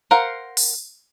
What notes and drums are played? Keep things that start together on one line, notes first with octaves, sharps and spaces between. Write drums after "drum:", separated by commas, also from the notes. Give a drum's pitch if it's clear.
A#4 C5 F5 F#5
drum: open hi-hat